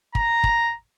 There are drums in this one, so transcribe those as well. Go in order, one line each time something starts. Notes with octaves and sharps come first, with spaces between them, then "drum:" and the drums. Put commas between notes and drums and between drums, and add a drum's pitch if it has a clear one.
A#5, drum: kick
drum: kick